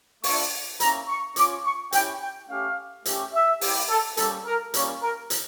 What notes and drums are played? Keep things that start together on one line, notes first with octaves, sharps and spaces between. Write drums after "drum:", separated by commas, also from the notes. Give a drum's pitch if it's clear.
A3 D4 F4 C#6, drum: open hi-hat
A#3 C#4 E4 A#5, drum: hi-hat
C#6
C#4 F4 D6, drum: hi-hat
C#6
C#4 E4 G4 G5, drum: hi-hat
G5
A3 C#4 G4 F5
A3 C#4 G4, drum: hi-hat
E5
A#3 E4 G4, drum: open hi-hat
A4
G3 A#3 C#4 A4, drum: hi-hat
A#4
G3 A#3 C#4 F4 C#5, drum: hi-hat
A#4
drum: hi-hat